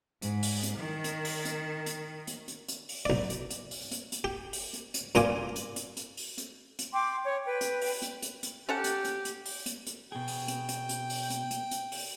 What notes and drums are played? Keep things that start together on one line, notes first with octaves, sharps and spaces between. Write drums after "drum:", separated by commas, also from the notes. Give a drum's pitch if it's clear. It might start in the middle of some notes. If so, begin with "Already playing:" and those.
G#2, drum: hi-hat
drum: open hi-hat
drum: hi-hat
D#3
drum: hi-hat
drum: open hi-hat
drum: hi-hat
drum: hi-hat
drum: hi-hat
drum: hi-hat
drum: hi-hat
drum: open hi-hat
B1 D5
drum: hi-hat
drum: hi-hat
drum: open hi-hat
drum: hi-hat
drum: hi-hat
G4
drum: open hi-hat
drum: hi-hat
drum: hi-hat
G2 A#2 F4 G#5 D6, drum: hi-hat
drum: hi-hat
drum: hi-hat
drum: hi-hat
drum: open hi-hat
drum: hi-hat
drum: hi-hat
G5 C6 D6
C#5
B4 G5
drum: hi-hat
drum: open hi-hat
drum: hi-hat
drum: hi-hat
drum: hi-hat
C#4 G4 A4 F#5
drum: hi-hat
drum: hi-hat
drum: hi-hat
drum: open hi-hat
drum: hi-hat
drum: hi-hat
B2 G#4 G5
drum: open hi-hat
drum: hi-hat
drum: hi-hat
drum: hi-hat
drum: open hi-hat
drum: hi-hat
drum: hi-hat
drum: hi-hat
drum: open hi-hat